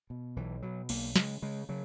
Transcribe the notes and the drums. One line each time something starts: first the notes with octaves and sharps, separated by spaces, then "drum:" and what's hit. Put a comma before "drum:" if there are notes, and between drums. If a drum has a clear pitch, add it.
B2
B1 E3
B2 F#3
B1 A#3, drum: cymbal
C#3 G#3, drum: snare
C#3 G#3
C#3 F#3